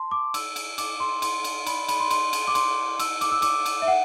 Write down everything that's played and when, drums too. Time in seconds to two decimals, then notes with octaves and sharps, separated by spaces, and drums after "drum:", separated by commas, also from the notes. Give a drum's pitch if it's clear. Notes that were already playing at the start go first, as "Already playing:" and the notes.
Already playing: A5 C6
0.11 D6
0.34 E6, drum: cymbal
0.56 drum: cymbal
0.78 D6, drum: cymbal
1.00 C6
1.22 C6, drum: cymbal
1.44 drum: cymbal
1.66 B5, drum: cymbal
1.88 B5, drum: cymbal
2.00 C6
2.10 C6, drum: cymbal
2.33 drum: cymbal
2.48 D6
2.55 C6, drum: cymbal
2.99 E6, drum: cymbal
3.21 D6, drum: cymbal
3.31 E6
3.42 D6, drum: cymbal
3.66 drum: cymbal
3.82 E5
3.88 F#5